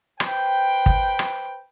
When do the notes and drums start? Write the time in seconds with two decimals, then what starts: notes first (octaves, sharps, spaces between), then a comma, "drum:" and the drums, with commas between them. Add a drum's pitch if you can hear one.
0.20 B4 C5 G5, drum: rim click
0.86 drum: kick
1.19 drum: rim click